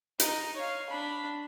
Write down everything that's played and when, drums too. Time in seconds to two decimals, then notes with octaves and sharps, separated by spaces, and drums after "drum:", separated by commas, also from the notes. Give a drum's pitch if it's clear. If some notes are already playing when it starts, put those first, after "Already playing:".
0.20 D#4, drum: hi-hat
0.56 C#5 F5
0.90 D4 B5